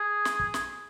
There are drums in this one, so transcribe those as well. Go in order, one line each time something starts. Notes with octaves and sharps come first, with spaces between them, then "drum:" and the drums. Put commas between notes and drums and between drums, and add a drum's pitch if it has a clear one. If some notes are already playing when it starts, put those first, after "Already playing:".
Already playing: G#4
drum: snare
drum: kick
drum: snare